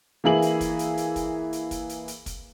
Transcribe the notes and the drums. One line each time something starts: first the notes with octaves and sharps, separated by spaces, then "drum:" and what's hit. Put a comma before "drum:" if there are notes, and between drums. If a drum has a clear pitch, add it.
E3 A#3 E4 G#4 F#7
drum: hi-hat
drum: kick, hi-hat
drum: hi-hat
drum: hi-hat
drum: kick, hi-hat
drum: hi-hat
drum: kick, hi-hat
drum: hi-hat
drum: hi-hat
drum: kick, hi-hat